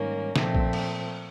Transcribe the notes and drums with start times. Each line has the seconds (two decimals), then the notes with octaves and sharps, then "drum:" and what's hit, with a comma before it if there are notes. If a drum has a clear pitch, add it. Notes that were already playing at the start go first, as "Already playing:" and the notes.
Already playing: G#2 D#3 G3 A#3 C#4
0.36 A#2 F3 A3 C4, drum: snare
0.55 drum: kick A#1
0.73 drum: cymbal